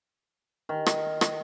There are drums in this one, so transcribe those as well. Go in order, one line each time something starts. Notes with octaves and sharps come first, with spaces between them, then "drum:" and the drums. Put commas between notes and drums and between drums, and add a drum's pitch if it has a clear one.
D#3
drum: rim click
drum: rim click